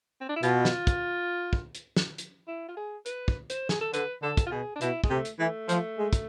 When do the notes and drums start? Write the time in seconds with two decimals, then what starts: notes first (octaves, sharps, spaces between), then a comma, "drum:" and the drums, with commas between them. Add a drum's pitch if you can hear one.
0.21 C4
0.29 D4
0.36 E4
0.43 B2 F4, drum: hi-hat
0.65 drum: snare
0.87 drum: kick, hi-hat
1.53 drum: kick
1.75 drum: hi-hat
1.96 drum: snare
2.18 drum: hi-hat
2.47 E4
2.68 F4
2.77 G#4
3.06 B4, drum: hi-hat
3.28 drum: kick
3.50 C5, drum: hi-hat
3.69 G#4, drum: snare
3.81 A4
3.94 D3 B4, drum: hi-hat
4.22 D3 A4
4.37 drum: kick, hi-hat
4.46 F4
4.52 B2 G#4
4.76 D4
4.81 B2 E4, drum: hi-hat
5.04 G#3, drum: kick
5.10 C3 A3
5.25 drum: hi-hat
5.39 E3 A3
5.69 F3, drum: hi-hat
5.98 G#3
6.13 drum: kick, hi-hat